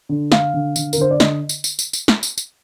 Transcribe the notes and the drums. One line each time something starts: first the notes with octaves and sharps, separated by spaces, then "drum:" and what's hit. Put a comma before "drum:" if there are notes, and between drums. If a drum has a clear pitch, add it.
D3
D3 F5, drum: snare
D3
D3, drum: tambourine
A#4, drum: tambourine
D3 C5
D5
D3 D#5, drum: snare
drum: tambourine
drum: tambourine
drum: tambourine
drum: tambourine
drum: snare
drum: tambourine
drum: tambourine